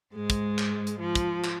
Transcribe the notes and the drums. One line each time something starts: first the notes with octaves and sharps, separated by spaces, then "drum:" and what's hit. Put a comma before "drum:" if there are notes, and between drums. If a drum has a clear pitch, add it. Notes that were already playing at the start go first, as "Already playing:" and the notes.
G#2 G#3
drum: kick, hi-hat
drum: clap
drum: hi-hat
F3
drum: kick, hi-hat
drum: clap